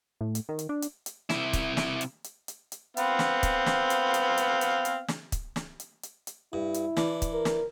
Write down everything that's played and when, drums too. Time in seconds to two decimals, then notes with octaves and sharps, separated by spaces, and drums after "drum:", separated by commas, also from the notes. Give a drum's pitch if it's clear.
0.21 A2
0.35 drum: hi-hat
0.49 D#3
0.59 drum: hi-hat
0.69 D4
0.82 drum: hi-hat
1.06 drum: hi-hat
1.30 C3 E4, drum: snare
1.53 drum: kick C#1, hi-hat
1.77 drum: snare
2.01 drum: hi-hat
2.24 drum: hi-hat
2.48 drum: hi-hat
2.72 drum: hi-hat
2.97 B3 C4 F5, drum: hi-hat
3.19 drum: snare
3.43 drum: kick C#1, hi-hat
3.66 drum: snare
3.90 drum: hi-hat
4.14 drum: hi-hat
4.38 drum: hi-hat
4.61 drum: hi-hat
4.85 drum: hi-hat
5.09 drum: snare
5.32 drum: kick C#1, hi-hat
5.56 drum: snare
5.80 drum: hi-hat
6.03 drum: hi-hat
6.27 drum: hi-hat
6.53 G2 E4
6.74 drum: hi-hat
6.97 E3 D4, drum: snare
7.22 drum: kick C#1, hi-hat
7.33 A#4
7.45 drum: snare